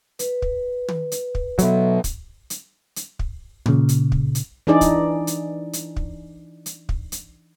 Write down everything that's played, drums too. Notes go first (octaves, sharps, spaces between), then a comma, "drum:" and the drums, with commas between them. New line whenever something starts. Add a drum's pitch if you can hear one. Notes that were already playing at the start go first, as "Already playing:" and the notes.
B4, drum: hi-hat
drum: kick
drum: tom
drum: hi-hat
drum: kick
B2 F#3 A4 E5, drum: hi-hat
drum: kick, hi-hat
drum: hi-hat
drum: hi-hat
drum: kick
A#2 C#3, drum: tom
drum: hi-hat
drum: kick
drum: hi-hat
E3 D4 D#4 G#4 D5
drum: kick, hi-hat
drum: hi-hat
drum: hi-hat
drum: kick
drum: hi-hat
drum: kick
drum: hi-hat